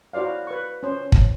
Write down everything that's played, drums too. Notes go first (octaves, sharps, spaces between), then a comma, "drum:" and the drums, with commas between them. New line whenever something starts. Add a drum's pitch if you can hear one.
E4 F#4 C5 D5 F5
B4 C#6
C#4 C5
drum: kick